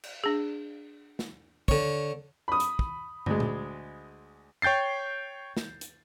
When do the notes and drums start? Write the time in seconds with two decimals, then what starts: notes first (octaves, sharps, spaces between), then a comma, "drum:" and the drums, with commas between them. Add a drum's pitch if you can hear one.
0.04 drum: cymbal
0.24 D4 G#4
1.19 drum: snare
1.68 D3 C#5, drum: kick
2.48 B5 D#6
2.60 drum: hi-hat
2.79 drum: kick
3.26 D2 G#3, drum: tom
3.40 drum: tom A#2
4.62 C#5 G5 G6 A6 C7
5.57 drum: snare
5.81 drum: hi-hat